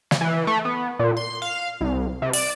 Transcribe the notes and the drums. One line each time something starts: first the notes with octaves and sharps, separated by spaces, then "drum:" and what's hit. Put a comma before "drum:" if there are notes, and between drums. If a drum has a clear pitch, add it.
drum: snare
E3
A3
B3
A#2
C6
F5
C2
C3
D5, drum: open hi-hat